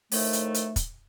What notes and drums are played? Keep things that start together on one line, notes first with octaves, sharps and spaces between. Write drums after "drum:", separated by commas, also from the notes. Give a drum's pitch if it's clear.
A2 D#3 F3 A3, drum: open hi-hat
drum: hi-hat
drum: hi-hat
drum: kick, hi-hat